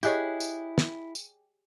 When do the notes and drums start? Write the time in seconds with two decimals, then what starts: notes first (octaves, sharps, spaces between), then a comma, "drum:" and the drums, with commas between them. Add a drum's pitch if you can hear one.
0.03 E4 G4 G#4 C#5 D#5 F#6, drum: tambourine
0.40 drum: tambourine
0.78 drum: snare
1.15 drum: tambourine